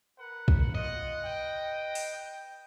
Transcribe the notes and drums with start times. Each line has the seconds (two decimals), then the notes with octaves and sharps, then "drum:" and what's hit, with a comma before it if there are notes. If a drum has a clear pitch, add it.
0.19 A#4 B4 F#5
0.48 drum: kick
0.75 B3 F4 D#5 F#5
1.24 B4 G5
1.95 drum: open hi-hat